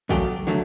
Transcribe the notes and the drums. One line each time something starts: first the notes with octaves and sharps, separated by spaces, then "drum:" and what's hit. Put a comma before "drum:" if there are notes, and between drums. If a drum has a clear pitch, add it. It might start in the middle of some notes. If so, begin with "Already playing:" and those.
E2 C#3 F#3 A3 G4, drum: kick
D3 F#3 A3